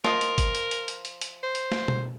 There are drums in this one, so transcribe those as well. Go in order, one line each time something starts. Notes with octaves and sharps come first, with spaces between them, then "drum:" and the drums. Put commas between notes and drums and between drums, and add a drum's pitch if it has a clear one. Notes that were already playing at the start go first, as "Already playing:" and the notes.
F3 A#4 D#5, drum: snare
drum: hi-hat
drum: kick, hi-hat
drum: hi-hat
drum: hi-hat
drum: hi-hat
drum: hi-hat
drum: hi-hat
C5
drum: hi-hat
drum: snare
drum: tom B2